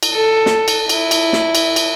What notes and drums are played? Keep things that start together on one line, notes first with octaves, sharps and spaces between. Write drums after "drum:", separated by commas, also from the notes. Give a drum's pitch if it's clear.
drum: cymbal
A4
drum: snare
drum: cymbal
E4, drum: cymbal
drum: cymbal
drum: snare
drum: cymbal
drum: cymbal